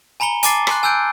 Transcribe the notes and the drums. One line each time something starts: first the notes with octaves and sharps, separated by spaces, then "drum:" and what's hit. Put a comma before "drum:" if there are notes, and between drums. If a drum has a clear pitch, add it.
G#5 A#5 B5 C#7 G7
G#5 A5 D6 A6 C7, drum: hi-hat
C6 F#6, drum: rim click
G#5 E6 F#6 G6 D7